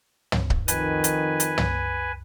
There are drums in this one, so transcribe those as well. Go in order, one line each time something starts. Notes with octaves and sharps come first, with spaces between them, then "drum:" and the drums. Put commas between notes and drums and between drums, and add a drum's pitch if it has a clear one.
drum: tom
drum: kick C#1
F2 D#3 B4 G#5, drum: hi-hat
drum: hi-hat
drum: hi-hat
drum: tom